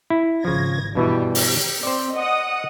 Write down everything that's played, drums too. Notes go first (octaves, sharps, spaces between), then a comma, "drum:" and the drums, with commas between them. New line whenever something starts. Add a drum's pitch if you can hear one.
E4
G#1 C#3 F3 G#6 A#6
G2 B2 E3 G3
G4, drum: open hi-hat
C4 C5 D5
D#5 F#5 D#6